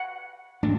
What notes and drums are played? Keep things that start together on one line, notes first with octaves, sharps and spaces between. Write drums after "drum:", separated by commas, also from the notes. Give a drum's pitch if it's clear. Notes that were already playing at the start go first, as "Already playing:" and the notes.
Already playing: F#5
A3 D4, drum: tom